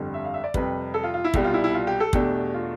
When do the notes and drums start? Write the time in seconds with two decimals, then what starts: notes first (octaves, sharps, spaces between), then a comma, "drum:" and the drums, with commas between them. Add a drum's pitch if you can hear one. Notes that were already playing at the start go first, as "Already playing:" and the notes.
Already playing: G1 F2 D3 G3
0.14 E5
0.25 F5
0.34 E5
0.44 D5
0.54 F2 C3 G3 B4, drum: kick
0.94 A4
1.03 F4
1.14 F4
1.24 E4
1.34 C2 B2 G3 G4, drum: kick
1.44 F4
1.54 E4
1.64 E4
1.74 F4
1.87 G4
2.00 A4
2.13 E2 B2 A3 D4 G4, drum: kick
2.54 F4